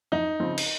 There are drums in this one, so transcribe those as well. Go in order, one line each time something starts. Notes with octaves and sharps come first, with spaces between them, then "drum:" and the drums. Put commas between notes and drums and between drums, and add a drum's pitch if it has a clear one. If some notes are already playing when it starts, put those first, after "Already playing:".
F2 D#4
C#3 F3 C4
drum: cymbal